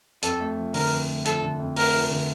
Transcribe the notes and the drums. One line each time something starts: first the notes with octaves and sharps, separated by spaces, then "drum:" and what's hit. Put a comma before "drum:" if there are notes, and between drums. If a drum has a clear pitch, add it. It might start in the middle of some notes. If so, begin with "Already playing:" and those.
F2 A4, drum: hi-hat
A3
F3
D3 A#4, drum: open hi-hat
F2
A3
F3 A4, drum: hi-hat
D3
F2
A3 A#4, drum: open hi-hat
F3
D3